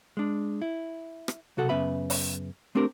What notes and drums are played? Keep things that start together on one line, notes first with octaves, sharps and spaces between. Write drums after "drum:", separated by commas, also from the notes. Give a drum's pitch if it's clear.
G#3 D4
E4
drum: rim click
B1 C3 F#4 A4 F#5
F#2 C#3 B3 B4 E5 B5
drum: open hi-hat
A3 C4 D4 G4 A#4